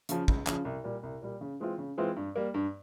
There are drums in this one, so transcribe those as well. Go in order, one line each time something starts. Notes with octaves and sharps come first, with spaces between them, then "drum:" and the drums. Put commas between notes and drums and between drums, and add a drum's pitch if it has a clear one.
C#3 F3, drum: hi-hat
C#2, drum: kick
C#3 F3, drum: clap
C2
A#2 G3
C2
A#2 G3
C#3
E3 G#3 C4 F4
C#3
E3 G#3 C4 F4
G2
G3 A#3
G2